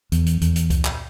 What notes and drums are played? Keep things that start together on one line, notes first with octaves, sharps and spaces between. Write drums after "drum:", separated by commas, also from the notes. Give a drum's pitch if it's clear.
E2, drum: hi-hat
drum: hi-hat
E2, drum: hi-hat
drum: hi-hat
drum: kick C#2, hi-hat
drum: clap